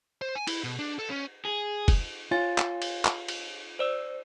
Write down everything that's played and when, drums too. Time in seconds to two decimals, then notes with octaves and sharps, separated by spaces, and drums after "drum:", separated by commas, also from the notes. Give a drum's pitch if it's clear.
0.21 C5
0.35 G#5
0.47 E4, drum: cymbal
0.64 B2
0.79 D4
0.99 A4
1.10 C#4
1.45 G#4
1.88 drum: kick F1, cymbal
2.31 F4 C#5 G#5 A6
2.58 drum: clap
2.82 drum: cymbal
3.05 drum: clap
3.28 drum: cymbal
3.79 C5 D5 E6